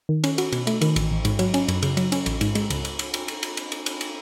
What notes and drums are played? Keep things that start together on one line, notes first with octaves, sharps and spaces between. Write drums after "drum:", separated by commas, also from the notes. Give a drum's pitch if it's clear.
D#3
C#4, drum: cymbal
F#4, drum: cymbal
B2, drum: cymbal
A3, drum: cymbal
D#3, drum: cymbal
A1, drum: cymbal
A1
G#2, drum: cymbal
F#3, drum: cymbal
C#4, drum: cymbal
F#2, drum: cymbal
C#3, drum: cymbal
F#3, drum: cymbal
C#4, drum: cymbal
A1, drum: cymbal
G#2, drum: cymbal
G#3, drum: cymbal
C#2, drum: cymbal
drum: cymbal
drum: cymbal
drum: cymbal
drum: cymbal
drum: cymbal
drum: cymbal
drum: cymbal
drum: cymbal
drum: cymbal